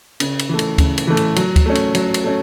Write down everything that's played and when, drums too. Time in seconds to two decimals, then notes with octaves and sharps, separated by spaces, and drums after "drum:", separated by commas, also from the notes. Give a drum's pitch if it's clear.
0.20 C#3, drum: cymbal
0.39 drum: cymbal
0.49 E3 A3
0.59 drum: cymbal
0.78 C#3, drum: kick D2, cymbal
0.98 drum: cymbal
1.07 E3 A3
1.17 drum: cymbal
1.36 F#3, drum: cymbal
1.56 drum: kick D2, cymbal
1.66 A3 C#4
1.75 drum: cymbal
1.95 F#3, drum: cymbal
2.14 drum: cymbal
2.24 A3 C#4